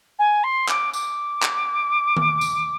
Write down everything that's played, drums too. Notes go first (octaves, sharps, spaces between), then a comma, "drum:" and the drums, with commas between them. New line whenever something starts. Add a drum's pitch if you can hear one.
G#5
C6
D6, drum: clap
D6, drum: tambourine
drum: clap
drum: tom D#3
drum: tambourine